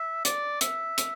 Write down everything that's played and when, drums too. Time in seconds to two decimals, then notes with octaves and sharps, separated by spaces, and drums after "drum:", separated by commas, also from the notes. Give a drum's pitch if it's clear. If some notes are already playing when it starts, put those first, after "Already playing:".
Already playing: E5
0.25 D5, drum: hi-hat
0.61 E5, drum: hi-hat
0.98 drum: hi-hat